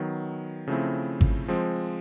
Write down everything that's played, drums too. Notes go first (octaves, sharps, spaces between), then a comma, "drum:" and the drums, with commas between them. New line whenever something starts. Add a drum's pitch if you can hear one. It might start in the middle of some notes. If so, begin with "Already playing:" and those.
Already playing: D#3 F#3 B3
C#3 F3 A3 C4 E4
drum: kick G#1
F3 G#3 C4